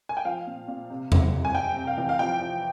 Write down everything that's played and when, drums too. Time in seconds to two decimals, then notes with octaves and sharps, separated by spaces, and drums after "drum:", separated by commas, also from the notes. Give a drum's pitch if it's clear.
0.09 G#5
0.17 G5
0.25 F3 F5
0.47 A#2
0.68 A#2
0.90 C3
1.12 E3, drum: tom E2
1.33 C3
1.45 G#5
1.55 C3 G5
1.76 C3
1.87 F5
1.98 E3
2.09 F5
2.19 F3 G5
2.41 F3